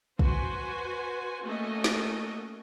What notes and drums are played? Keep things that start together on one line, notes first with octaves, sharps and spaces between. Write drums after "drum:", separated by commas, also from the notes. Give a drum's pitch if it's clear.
F#4 B4 C5 G#5, drum: kick
A3 A#3 C#4 F#4 A#4 D#5
drum: snare